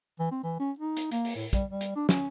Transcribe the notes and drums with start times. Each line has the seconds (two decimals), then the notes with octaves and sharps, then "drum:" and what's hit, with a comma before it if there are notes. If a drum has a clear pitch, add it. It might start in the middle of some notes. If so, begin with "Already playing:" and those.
0.19 E3
0.31 C4
0.44 E3
0.60 C#4
0.79 D#4
0.97 drum: hi-hat
1.11 A#3, drum: hi-hat
1.25 drum: open hi-hat
1.35 A2
1.53 G3, drum: kick, hi-hat
1.70 G3
1.81 drum: hi-hat
1.96 D4
2.09 C#4, drum: snare